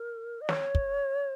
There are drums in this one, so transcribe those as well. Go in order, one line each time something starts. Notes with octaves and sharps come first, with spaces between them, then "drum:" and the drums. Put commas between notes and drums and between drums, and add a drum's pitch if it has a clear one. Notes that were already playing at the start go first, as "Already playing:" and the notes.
Already playing: A#4
D#5
C#5, drum: snare
drum: kick